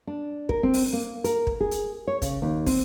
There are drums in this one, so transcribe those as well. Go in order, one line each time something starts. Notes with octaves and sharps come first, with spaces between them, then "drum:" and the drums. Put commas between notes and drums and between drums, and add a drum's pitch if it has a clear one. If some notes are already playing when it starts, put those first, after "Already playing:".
D4
A#4, drum: kick
C4
drum: open hi-hat
A#3
A#4, drum: hi-hat
drum: kick
G#4
drum: hi-hat
C#5
C#3, drum: kick, hi-hat
D#2
C4, drum: kick, open hi-hat